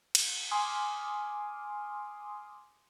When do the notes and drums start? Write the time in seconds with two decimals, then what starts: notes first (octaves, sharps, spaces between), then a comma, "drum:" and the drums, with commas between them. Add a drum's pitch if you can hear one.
0.15 drum: cymbal
0.51 G#5 C6 D6 D#6 F6